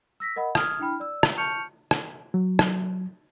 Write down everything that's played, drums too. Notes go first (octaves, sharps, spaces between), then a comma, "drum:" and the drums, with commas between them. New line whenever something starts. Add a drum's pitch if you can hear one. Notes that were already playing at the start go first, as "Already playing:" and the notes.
E6 A#6 B6
A#4 D#5 F#5 B5
D#6 F6 G#6, drum: rim click
D4 E4 G5 B5 F6
D5 E6
drum: rim click
A5 C#6 F6 G6 C#7 F7
drum: rim click
F#3
drum: rim click